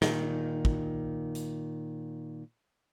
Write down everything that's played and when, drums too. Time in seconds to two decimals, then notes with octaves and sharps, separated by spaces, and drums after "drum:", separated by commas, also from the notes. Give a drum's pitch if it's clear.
0.02 A#2 D#3, drum: snare
0.65 drum: kick
1.35 drum: hi-hat